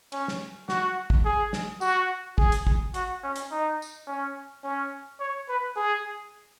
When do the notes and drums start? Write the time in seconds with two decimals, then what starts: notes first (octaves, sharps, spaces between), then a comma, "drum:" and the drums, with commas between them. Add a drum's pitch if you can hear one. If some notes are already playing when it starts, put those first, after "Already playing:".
0.12 C#4, drum: cymbal
0.28 drum: snare
0.69 F#4, drum: snare
1.10 drum: kick
1.25 G#4
1.53 drum: snare
1.81 F#4, drum: tambourine
2.38 G#4, drum: kick
2.52 drum: hi-hat
2.67 drum: kick
2.94 F#4, drum: hi-hat
3.23 C#4
3.36 drum: hi-hat
3.51 D#4
3.82 drum: tambourine
4.07 C#4
4.64 C#4
5.20 C#5
5.48 B4
5.76 G#4